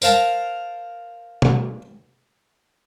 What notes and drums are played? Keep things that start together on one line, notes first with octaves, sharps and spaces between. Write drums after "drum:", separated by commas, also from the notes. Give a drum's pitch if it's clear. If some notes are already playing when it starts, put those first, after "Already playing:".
A#4 C5 F5 A5 A#5, drum: tambourine
drum: tom B2